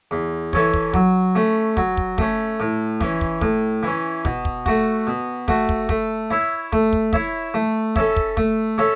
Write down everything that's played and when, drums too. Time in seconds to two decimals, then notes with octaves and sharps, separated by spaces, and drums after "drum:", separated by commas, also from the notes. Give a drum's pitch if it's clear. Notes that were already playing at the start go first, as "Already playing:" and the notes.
0.11 E2
0.53 E3 C#4 A4 C#5, drum: kick
0.74 drum: kick
0.94 F#3, drum: kick
1.35 A3 C#4
1.77 F#3, drum: kick
1.97 drum: kick
2.18 A3 C#4, drum: kick
2.60 A2
3.01 E3 C#4, drum: kick
3.21 drum: kick
3.41 A2, drum: kick
3.83 E3 C#4
4.25 B2, drum: kick
4.45 drum: kick
4.66 A3 F#4, drum: kick
5.07 B2
5.48 A3 F#4, drum: kick
5.69 drum: kick
5.89 A3, drum: kick
6.31 E4 C#5 E5
6.72 A3, drum: kick
6.93 drum: kick
7.13 E4 C#5 E5, drum: kick
7.54 A3
7.96 C#4 A4 C#5 E5, drum: kick
8.16 drum: kick
8.37 A3, drum: kick
8.78 C#4 A4 C#5 E5